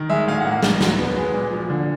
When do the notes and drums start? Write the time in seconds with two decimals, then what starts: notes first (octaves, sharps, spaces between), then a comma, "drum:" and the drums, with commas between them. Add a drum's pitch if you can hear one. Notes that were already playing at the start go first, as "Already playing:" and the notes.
Already playing: D#3
0.09 G#3 E5
0.27 A2 F5
0.40 F#5
0.45 A#3
0.51 F#5
0.63 A2, drum: snare
0.81 F#3, drum: snare
0.98 B3
1.16 G#3
1.34 A#2
1.51 F3
1.70 D3